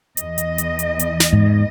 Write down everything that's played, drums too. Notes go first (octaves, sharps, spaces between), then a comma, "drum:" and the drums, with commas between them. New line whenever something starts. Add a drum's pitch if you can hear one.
E2 E3 D#5, drum: hi-hat
drum: hi-hat
drum: hi-hat
drum: hi-hat
drum: hi-hat
drum: snare
G#2